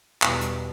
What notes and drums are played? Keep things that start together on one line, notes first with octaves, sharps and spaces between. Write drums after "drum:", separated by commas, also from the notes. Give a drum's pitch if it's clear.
E2 B2 G3, drum: clap
drum: hi-hat